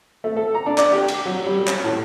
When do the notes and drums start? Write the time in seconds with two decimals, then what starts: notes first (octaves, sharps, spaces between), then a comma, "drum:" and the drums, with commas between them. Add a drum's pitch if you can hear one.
0.24 A3
0.37 A4
0.55 A#5
0.66 D4
0.78 D5, drum: clap
0.92 G4
1.08 drum: cymbal
1.26 F#3
1.46 G3
1.67 C#4, drum: clap
1.84 A2